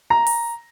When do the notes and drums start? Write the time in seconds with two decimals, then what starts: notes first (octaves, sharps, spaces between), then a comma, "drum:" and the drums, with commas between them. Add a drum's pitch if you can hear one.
0.10 A#5
0.27 drum: open hi-hat